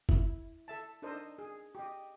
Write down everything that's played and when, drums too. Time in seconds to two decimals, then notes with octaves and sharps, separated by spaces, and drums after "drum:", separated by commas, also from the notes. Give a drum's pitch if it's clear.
0.09 E4, drum: kick
0.68 A4 E5 A5
1.02 D4 D#4 A4 A#4 C5 D#5
1.38 G#4
1.75 G4 D#5